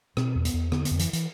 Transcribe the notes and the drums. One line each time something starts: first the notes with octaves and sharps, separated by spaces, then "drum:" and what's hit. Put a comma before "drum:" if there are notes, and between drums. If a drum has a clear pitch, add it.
B2 C4, drum: rim click
E2
B3, drum: hi-hat
E2
D3 B3, drum: rim click
B3, drum: hi-hat
F2
E3, drum: hi-hat
E3, drum: hi-hat